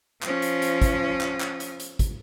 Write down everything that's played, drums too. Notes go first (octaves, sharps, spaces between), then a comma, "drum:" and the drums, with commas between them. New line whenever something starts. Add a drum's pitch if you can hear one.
F3 C#4, drum: clap
drum: hi-hat
drum: hi-hat
drum: kick, hi-hat
drum: clap
drum: clap
drum: hi-hat
drum: hi-hat
drum: kick, hi-hat